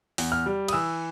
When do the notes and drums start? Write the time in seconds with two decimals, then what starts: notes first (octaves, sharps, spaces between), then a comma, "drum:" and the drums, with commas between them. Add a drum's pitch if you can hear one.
0.18 E2, drum: open hi-hat
0.32 F6
0.46 G3
0.68 D#6, drum: cymbal
0.73 E3 E6